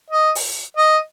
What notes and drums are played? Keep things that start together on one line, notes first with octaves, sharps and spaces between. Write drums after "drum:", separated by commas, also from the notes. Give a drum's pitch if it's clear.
D#5
drum: open hi-hat
D#5